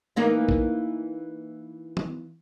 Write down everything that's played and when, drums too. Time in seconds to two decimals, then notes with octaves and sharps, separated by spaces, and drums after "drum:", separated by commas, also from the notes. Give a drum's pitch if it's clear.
0.16 E3 A#3 D#4
0.49 drum: kick
1.97 drum: tom E3